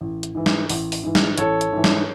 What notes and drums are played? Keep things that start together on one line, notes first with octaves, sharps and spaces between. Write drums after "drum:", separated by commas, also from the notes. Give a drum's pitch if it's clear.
A1
drum: hi-hat
G#2 E3
drum: snare
A1, drum: open hi-hat
drum: open hi-hat
G#2 E3
drum: snare
A1 A4 C#5, drum: hi-hat
drum: hi-hat
G#2 E3
drum: snare